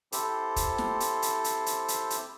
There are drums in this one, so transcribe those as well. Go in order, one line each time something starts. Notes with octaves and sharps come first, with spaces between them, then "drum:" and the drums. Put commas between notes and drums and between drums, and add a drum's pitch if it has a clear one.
C4 E4 G4 A4 C5, drum: hi-hat
drum: kick, hi-hat
drum: snare
drum: hi-hat
drum: hi-hat
drum: hi-hat
drum: hi-hat
drum: hi-hat
drum: hi-hat